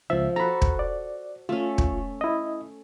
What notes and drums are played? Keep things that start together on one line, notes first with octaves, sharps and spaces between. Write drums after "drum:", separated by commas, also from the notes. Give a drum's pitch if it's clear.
C#2 F3 E5
F#4 A4 A#5 B5
drum: kick
D5
A3 C#4 F4
drum: kick
E4 D#5